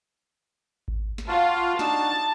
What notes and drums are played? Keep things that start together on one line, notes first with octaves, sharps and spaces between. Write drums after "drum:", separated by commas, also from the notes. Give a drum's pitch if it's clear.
drum: kick G#1
drum: snare
F4 F#4 F5 A5
D4 D#4 F#4 A5, drum: snare